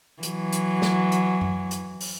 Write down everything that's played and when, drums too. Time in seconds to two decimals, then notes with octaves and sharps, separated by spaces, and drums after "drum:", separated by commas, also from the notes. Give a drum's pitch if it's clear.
0.23 E3 F#3, drum: hi-hat
0.52 drum: hi-hat
0.82 drum: snare
1.12 drum: hi-hat
1.41 drum: tom F#2
1.71 drum: hi-hat
2.01 drum: open hi-hat